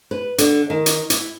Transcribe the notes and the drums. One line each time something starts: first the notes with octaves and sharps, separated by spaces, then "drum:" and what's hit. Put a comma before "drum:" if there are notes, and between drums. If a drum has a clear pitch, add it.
B4
D3, drum: hi-hat
D#3
drum: hi-hat
E4, drum: hi-hat